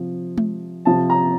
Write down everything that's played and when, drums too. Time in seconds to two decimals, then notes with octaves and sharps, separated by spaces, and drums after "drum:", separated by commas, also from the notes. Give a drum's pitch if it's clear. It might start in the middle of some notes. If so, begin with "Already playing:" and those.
Already playing: C3 F3
0.38 drum: tom G#3
0.85 C3 F3 A5
1.10 A#5